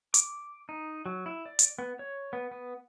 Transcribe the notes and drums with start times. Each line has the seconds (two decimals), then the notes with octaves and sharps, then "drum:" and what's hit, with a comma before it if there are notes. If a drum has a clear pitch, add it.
0.14 D6, drum: hi-hat
0.69 D#4
1.06 F#3
1.26 E4
1.46 D5
1.59 drum: hi-hat
1.79 B3
1.99 C#5
2.33 B3
2.51 B3